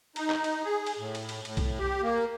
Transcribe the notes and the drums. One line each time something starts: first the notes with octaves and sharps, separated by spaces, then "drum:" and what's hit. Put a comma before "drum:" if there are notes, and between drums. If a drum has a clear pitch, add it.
D#4, drum: cymbal
drum: clap
drum: cymbal
G#4
drum: cymbal
A2
drum: cymbal
drum: cymbal
A2, drum: cymbal
drum: kick B1, cymbal
G4
A#3